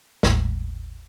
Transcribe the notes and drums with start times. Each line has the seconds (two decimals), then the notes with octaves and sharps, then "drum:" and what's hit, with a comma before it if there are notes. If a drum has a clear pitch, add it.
0.23 G#1 D#2 A2, drum: snare